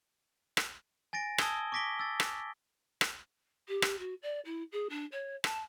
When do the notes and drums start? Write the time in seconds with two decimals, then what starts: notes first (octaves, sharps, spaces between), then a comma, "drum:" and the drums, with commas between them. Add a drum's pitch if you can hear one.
0.57 drum: rim click
1.13 G#5 A6 A#6 D7
1.38 A5 D#6 E6 G#6 G7, drum: rim click
1.72 C#6 D6 A#6 B6 D7 G7
1.99 E6 A6
2.20 drum: rim click
3.01 drum: rim click
3.68 G4
3.82 drum: rim click
3.99 F#4
4.22 D5
4.45 E4
4.72 G#4
4.90 D4
5.12 C#5
5.44 A5, drum: rim click